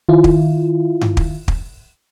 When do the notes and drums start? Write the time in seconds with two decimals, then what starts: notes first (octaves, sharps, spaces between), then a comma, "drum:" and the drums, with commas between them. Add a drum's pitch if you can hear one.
0.09 D#3 E4 F4
0.24 drum: kick
1.01 drum: tom G2
1.17 drum: kick
1.48 drum: kick